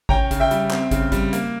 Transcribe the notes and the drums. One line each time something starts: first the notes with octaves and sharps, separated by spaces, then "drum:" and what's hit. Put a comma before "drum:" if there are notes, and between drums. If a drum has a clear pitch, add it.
C#4 G5 A#5, drum: kick
C#3, drum: kick, hi-hat
E5 G5
G3, drum: hi-hat
C4, drum: clap
C#3, drum: kick, hi-hat
G3, drum: kick, hi-hat
A#3, drum: hi-hat